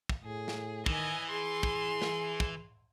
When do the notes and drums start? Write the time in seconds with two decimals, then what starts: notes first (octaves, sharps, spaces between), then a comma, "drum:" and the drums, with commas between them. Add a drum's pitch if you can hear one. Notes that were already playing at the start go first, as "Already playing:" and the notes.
0.09 drum: kick
0.24 A2 G#4
0.48 drum: snare
0.86 D#3 E3 D#5 G#5, drum: kick
1.30 G#4 C6
1.63 drum: kick
2.02 drum: snare
2.40 drum: kick